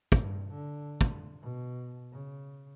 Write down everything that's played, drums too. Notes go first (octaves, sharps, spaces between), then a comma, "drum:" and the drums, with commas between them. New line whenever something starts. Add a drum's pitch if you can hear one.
G2, drum: kick
D3
drum: kick
B2
C#3